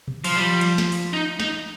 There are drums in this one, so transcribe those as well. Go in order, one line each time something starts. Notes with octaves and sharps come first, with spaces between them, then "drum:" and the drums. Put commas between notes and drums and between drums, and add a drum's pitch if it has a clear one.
drum: tom
F3, drum: cymbal
F3 G3
drum: cymbal
drum: snare
drum: open hi-hat
D#4
D#4, drum: snare